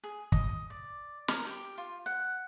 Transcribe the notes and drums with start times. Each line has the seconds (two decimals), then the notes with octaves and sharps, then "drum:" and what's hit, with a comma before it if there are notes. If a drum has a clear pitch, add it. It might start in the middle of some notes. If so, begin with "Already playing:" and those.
0.04 G#4
0.32 D#5, drum: kick
0.70 D5
1.28 A#4, drum: snare
1.47 G4
1.78 F4
2.06 F#5